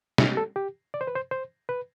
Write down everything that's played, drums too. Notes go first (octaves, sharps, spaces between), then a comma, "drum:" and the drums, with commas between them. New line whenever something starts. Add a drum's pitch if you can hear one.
E4, drum: snare
A4
G4
D5
C5
B4
C5
C5
B4